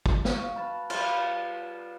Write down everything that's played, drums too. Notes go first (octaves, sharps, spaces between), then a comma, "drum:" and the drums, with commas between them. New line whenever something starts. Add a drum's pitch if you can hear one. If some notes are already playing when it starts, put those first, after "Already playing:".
drum: kick
F#4 F5, drum: snare
B4 A5 B5
G3 F4, drum: cymbal